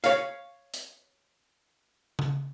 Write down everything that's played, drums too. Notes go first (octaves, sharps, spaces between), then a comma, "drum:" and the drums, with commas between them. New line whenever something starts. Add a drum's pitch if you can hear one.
C#5 F5, drum: hi-hat
drum: hi-hat
drum: tom C#3